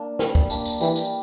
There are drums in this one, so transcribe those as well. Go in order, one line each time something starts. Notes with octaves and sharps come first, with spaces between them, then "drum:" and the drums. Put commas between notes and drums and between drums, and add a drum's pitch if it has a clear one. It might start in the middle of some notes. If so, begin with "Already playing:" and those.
Already playing: A#3 D4
G3, drum: snare
drum: kick
A#3 D4, drum: tambourine
drum: tambourine
E3 G3, drum: tambourine
drum: tambourine